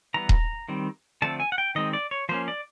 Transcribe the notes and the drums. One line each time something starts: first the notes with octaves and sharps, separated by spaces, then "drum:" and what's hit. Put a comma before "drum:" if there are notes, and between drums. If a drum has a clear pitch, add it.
E3 G3 B3 A#5
drum: kick D#1
D#3 G3 C4
D3 F3 A3 C4 A5
G#5
F#5
G5
D#3 G#3 C4 D#5
D5
C#5
F3 A#3 C#4 C5
D5